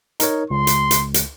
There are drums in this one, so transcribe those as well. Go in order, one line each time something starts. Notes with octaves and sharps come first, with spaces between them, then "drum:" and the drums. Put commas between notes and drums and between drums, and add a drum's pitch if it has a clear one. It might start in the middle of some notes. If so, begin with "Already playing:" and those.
D#4 A#4 C#5, drum: hi-hat
C#2 C6
drum: hi-hat
drum: hi-hat
drum: hi-hat